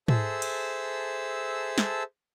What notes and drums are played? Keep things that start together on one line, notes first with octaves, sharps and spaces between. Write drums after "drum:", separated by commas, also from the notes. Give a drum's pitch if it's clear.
G#4 A4 C5 E5 A5 E6, drum: tom G#2
drum: cymbal
drum: snare